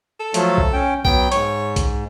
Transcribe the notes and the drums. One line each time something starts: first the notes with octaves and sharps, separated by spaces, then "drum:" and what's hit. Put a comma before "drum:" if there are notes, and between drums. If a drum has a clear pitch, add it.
A4
F3 F#3 A3, drum: hi-hat
drum: kick B1
C#4 G5
F#3 B3 G5, drum: kick B1
G#2 C#5, drum: hi-hat
drum: kick B1, hi-hat